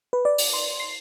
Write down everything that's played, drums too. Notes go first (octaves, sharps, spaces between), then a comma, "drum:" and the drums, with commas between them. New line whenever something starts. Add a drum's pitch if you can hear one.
B4
D5
drum: open hi-hat
C6
C7